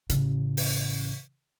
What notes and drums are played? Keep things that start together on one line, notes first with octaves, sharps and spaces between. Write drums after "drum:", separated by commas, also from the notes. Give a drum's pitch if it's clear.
A1 C#3, drum: hi-hat
drum: open hi-hat